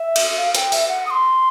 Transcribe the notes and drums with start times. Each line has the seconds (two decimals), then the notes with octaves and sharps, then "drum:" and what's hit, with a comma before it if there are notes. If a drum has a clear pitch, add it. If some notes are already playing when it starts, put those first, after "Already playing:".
Already playing: E5
0.16 drum: cymbal
0.37 F5
0.55 G5, drum: hi-hat
0.72 E5, drum: open hi-hat
0.88 F#5
1.06 D#6
1.10 C6